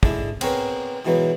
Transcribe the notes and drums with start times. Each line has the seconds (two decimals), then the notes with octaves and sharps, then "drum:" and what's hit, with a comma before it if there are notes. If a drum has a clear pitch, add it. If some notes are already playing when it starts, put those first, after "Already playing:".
0.03 D3 G#3 D4 E4, drum: kick
0.41 B3 C4 G#4 A#4 B4 C#5, drum: cymbal
1.05 G#2 B2 E3 F#3 B3